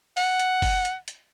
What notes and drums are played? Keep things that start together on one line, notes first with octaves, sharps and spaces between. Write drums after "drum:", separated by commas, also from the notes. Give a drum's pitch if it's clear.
F#5, drum: open hi-hat
drum: hi-hat
drum: kick F#1, open hi-hat
drum: hi-hat
drum: hi-hat